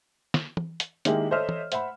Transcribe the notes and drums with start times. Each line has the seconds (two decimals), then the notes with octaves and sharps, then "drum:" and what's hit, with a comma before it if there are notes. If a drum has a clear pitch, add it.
0.34 drum: snare
0.57 drum: tom
0.80 drum: hi-hat
1.05 D#3 G#3 A#3 E4 G4 G#4, drum: hi-hat
1.31 A4 C5 C#5 D#5 E5 F6
1.49 drum: tom
1.72 C5 E5 F#5 B5, drum: hi-hat